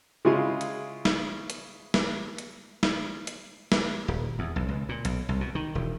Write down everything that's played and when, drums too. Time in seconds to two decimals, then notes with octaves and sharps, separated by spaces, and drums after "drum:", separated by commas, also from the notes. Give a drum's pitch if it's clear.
0.25 C#3 G#3 E4 F4 G#5
0.61 drum: hi-hat
1.05 drum: snare
1.50 drum: hi-hat
1.94 drum: snare
2.38 drum: hi-hat
2.83 drum: snare
3.27 drum: hi-hat
3.72 drum: snare
4.08 D#1
4.39 E2
4.56 B1
4.69 C#2
4.89 A#2
5.05 B1, drum: hi-hat
5.29 C2
5.41 B2
5.55 D#3
5.75 E1